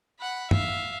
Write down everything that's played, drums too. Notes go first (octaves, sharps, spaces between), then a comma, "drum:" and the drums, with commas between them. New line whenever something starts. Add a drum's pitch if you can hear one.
F#5 B5
E5 F5, drum: tom